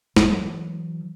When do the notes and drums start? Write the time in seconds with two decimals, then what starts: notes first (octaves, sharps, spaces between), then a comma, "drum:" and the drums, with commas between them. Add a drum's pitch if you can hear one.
0.17 E3 F#3, drum: snare